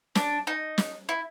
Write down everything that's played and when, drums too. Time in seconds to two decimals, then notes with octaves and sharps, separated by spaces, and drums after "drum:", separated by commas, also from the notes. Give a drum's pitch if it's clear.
0.15 D4, drum: snare
0.47 D#4
0.78 drum: snare
1.09 E4